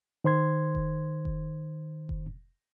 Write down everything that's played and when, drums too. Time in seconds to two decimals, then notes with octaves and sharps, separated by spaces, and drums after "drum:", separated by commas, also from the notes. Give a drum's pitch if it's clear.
0.24 D#3 C5 C6 G#6
0.75 drum: kick F1
1.25 drum: kick F1
2.09 drum: kick F1